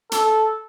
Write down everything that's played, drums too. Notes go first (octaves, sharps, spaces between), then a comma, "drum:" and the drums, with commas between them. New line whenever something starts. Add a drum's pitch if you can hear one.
A4, drum: hi-hat